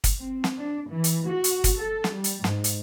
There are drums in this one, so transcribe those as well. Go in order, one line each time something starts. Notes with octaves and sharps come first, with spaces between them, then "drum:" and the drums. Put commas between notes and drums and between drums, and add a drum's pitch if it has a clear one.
drum: kick, hi-hat
C4
drum: snare
D4
E3
drum: hi-hat
F#4
drum: hi-hat
drum: kick, hi-hat
A4
drum: snare
G3
drum: hi-hat
G#2, drum: snare
drum: hi-hat